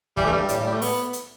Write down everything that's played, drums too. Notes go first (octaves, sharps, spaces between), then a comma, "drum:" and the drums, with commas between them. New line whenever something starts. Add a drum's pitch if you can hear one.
E3 G3, drum: kick
A3
G2
G3
G2
A2 G3, drum: hi-hat
A2
G3
A3
B3, drum: open hi-hat
drum: hi-hat